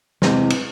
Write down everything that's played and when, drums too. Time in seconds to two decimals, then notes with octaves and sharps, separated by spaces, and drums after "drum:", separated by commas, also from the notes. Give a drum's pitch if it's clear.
0.22 E2 C3 E3 G#3, drum: snare
0.50 drum: cymbal